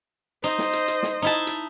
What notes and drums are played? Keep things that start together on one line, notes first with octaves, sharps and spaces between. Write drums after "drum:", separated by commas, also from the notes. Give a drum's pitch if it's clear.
D#4 C5 D#5, drum: hi-hat
drum: snare
drum: hi-hat
drum: hi-hat
drum: snare
D#4 E4 A5
drum: hi-hat